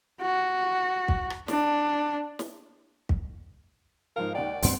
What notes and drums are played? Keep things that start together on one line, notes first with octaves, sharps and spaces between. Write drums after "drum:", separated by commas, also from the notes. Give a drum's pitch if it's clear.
F#4
drum: kick
drum: rim click
D4, drum: snare
drum: snare
drum: kick
G#2 F3 A#4 F5
D#2 D5 F#5 G5
D2 G2 C4 F#5 C6, drum: open hi-hat